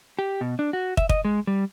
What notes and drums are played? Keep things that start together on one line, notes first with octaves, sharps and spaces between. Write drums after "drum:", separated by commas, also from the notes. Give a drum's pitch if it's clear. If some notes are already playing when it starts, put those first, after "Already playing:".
G4
B2
D4
F#4
E5, drum: kick
D#5, drum: kick
G#3
G3